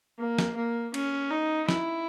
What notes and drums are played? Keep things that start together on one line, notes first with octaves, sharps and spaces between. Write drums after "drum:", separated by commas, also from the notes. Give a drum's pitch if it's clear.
A#3
drum: snare
A#3
C#4, drum: cymbal
D#4
E4, drum: snare